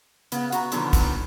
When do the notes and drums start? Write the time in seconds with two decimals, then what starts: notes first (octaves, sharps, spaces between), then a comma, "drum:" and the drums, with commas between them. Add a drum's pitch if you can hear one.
0.32 C#3 B3, drum: hi-hat
0.52 F#4 A#5, drum: hi-hat
0.72 B2 D3 D#3 F3 F#3 B3, drum: hi-hat
0.93 drum: kick, hi-hat